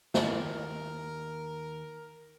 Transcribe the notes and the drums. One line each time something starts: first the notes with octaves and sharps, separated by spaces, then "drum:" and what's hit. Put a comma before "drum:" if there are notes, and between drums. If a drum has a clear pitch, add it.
D#2 A#4, drum: snare